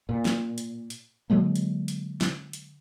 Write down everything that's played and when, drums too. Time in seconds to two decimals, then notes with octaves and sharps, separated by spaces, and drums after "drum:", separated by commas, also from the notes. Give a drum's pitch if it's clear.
0.09 A#2
0.25 drum: snare
0.58 drum: hi-hat
0.90 drum: hi-hat
1.30 D3 F#3 G#3 A#3
1.56 drum: hi-hat
1.88 drum: hi-hat
2.21 drum: snare
2.53 drum: hi-hat